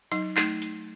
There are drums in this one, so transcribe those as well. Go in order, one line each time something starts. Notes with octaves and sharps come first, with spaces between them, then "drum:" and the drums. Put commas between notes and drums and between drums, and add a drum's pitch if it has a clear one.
F#3 D#4, drum: hi-hat
A3 D#4, drum: clap
drum: hi-hat